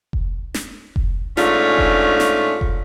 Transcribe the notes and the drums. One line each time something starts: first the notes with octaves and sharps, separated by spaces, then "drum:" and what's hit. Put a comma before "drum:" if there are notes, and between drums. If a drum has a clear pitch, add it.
drum: kick F1
drum: snare
drum: kick F1
G#2 A3 C#4 D4 F4, drum: snare
drum: kick F1
drum: snare
drum: kick F1